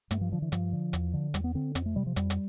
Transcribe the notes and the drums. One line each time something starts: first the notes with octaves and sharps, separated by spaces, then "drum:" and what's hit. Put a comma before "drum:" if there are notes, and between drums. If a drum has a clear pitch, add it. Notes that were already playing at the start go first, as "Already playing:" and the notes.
G2 A3, drum: hi-hat
F3
D3 F3
E3
G2 F3, drum: hi-hat
D3
E2, drum: hi-hat
D3
E2 G3, drum: hi-hat
B3
D3 C4
F2 C4, drum: hi-hat
A3
C3 G3
F3
F2 G3, drum: hi-hat
drum: hi-hat